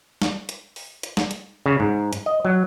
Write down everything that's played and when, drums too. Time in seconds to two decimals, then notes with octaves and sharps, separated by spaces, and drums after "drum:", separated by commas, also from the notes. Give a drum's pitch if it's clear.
0.22 drum: snare
0.49 drum: hi-hat
0.76 drum: open hi-hat
1.03 drum: hi-hat
1.17 drum: snare
1.31 drum: hi-hat
1.66 C#3
1.80 G#2
2.13 drum: hi-hat
2.26 D#5
2.45 F#3